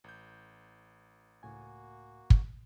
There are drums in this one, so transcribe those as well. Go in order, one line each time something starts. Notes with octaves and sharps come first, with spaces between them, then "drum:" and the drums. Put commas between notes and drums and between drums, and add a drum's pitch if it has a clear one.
A1 G6
C#2 A2 A#3 F#4 G#5
drum: kick